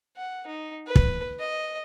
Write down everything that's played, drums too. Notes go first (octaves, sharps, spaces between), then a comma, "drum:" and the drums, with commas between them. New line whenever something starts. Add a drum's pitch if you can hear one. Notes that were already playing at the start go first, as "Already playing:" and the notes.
F#5
D#4
B4
drum: kick
D#5